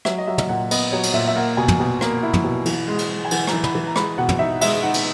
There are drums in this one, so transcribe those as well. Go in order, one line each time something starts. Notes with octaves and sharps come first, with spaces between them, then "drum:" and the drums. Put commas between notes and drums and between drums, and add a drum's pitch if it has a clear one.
F#3 E5, drum: rim click
D#5
F#3 E5
drum: tom
A#2 F#5
B3 D#5, drum: cymbal
F#3 C#5
drum: cymbal
A#2 E5
E5
A#3 F#5
B2 G#5
drum: tom
B2
A#3, drum: rim click
E4
drum: tom
B2
E3, drum: cymbal
G#3
drum: cymbal
G#3
G#5
E3 F#5, drum: cymbal
A#5, drum: rim click
E3
B5, drum: tom
E3
A#5
G#3 B5, drum: rim click
B2 F#5
drum: tom
D#4 E5
G#3 E5, drum: cymbal
D#4 F#5
drum: cymbal